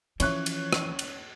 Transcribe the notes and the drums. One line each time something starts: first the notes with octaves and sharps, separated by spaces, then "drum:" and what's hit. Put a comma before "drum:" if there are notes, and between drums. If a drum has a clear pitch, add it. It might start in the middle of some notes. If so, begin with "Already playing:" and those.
E3 F3 C#4 C#5 C#6 F#6, drum: cymbal
drum: cymbal
drum: rim click
drum: cymbal